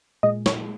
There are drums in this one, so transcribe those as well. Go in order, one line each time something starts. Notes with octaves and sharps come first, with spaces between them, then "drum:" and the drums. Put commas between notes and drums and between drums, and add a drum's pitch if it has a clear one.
A#2 G#3 D#5
C#5, drum: snare